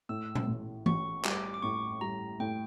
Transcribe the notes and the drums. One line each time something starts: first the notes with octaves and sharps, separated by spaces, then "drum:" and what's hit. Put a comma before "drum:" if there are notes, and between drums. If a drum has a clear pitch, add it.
A2 E6
drum: tom A#2
A1
A1 C#6, drum: tom E3
G3 D6, drum: clap
D6
A2 C#6
G3 A#5
A2 G5